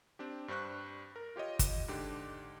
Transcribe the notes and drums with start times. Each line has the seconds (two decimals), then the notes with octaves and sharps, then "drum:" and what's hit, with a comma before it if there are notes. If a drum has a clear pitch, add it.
0.19 C4 D4 G4
0.48 G2 G3 C5 C#6 F#6
1.16 A#4
1.36 F4 G4 C#5 D#5
1.59 drum: kick G1, hi-hat
1.88 G#2 D3 D4 G4